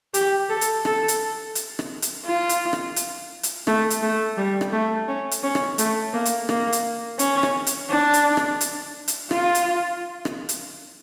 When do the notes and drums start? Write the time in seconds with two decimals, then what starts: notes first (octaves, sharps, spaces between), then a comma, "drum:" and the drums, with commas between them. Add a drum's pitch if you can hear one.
0.14 G4, drum: hi-hat
0.50 A4
0.61 drum: hi-hat
0.85 A4, drum: rim click
1.08 drum: hi-hat
1.55 drum: hi-hat
1.79 drum: rim click
2.02 drum: hi-hat
2.26 F4
2.49 drum: hi-hat
2.73 drum: rim click
2.96 drum: hi-hat
3.43 drum: hi-hat
3.67 A3, drum: rim click
3.90 drum: hi-hat
4.02 A3
4.38 G3
4.61 drum: rim click
4.72 A3
5.08 C#4
5.31 drum: hi-hat
5.43 C#4
5.55 drum: rim click
5.78 A3, drum: hi-hat
6.13 A#3
6.25 drum: hi-hat
6.49 A#3, drum: rim click
6.73 drum: hi-hat
7.19 C#4, drum: hi-hat
7.43 drum: rim click
7.67 drum: hi-hat
7.90 D4
8.14 drum: hi-hat
8.37 drum: rim click
8.61 drum: hi-hat
9.08 drum: hi-hat
9.31 F4, drum: rim click
9.55 drum: hi-hat
10.25 drum: rim click
10.49 drum: hi-hat